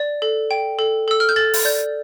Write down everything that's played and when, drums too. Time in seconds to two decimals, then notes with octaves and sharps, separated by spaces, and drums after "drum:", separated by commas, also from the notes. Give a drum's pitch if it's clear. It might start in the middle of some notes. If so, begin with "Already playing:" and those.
Already playing: D5
0.22 A4
0.51 G5
0.79 A4
1.08 A4 E6
1.20 F6
1.29 G6
1.36 A4 A6
1.54 drum: open hi-hat
1.65 D5 G6